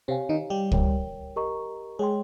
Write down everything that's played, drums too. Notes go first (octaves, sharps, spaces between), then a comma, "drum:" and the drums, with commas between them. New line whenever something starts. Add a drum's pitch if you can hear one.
C3 C4 G4 C#5 F5 G#5
D#3 D#4
G3 G4
A#4 C#5 G5, drum: kick
G4 A#4 D#5 A#5 C#6
G#3 G#4 C#5 G5 C6